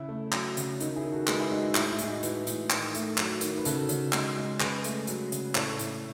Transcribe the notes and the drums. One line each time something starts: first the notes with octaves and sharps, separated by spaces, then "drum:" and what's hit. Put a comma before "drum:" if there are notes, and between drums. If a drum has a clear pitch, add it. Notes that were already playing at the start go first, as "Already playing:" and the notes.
Already playing: C#3 E4
A3
F#3, drum: clap
C#3, drum: hi-hat
D#3 D#4 F#4, drum: hi-hat
E4 G#4
D#3
F#4 A4
G#3 G#4 B4, drum: clap
E4 G#4
G#3 D#4 F#4
E4
A2 E4, drum: clap
E4
G#3 G#4, drum: hi-hat
D#4 F#4
E3, drum: hi-hat
A2, drum: hi-hat
D#3, drum: clap
A3, drum: hi-hat
F#3, drum: clap
D#3, drum: hi-hat
B4
C#3 F#4 A4, drum: hi-hat
C#3, drum: hi-hat
G#3, drum: clap
G#3
C#3 G#4 B4, drum: clap
A3, drum: hi-hat
F#3, drum: hi-hat
C#3, drum: hi-hat
A2 A4 C#5, drum: clap
A2, drum: hi-hat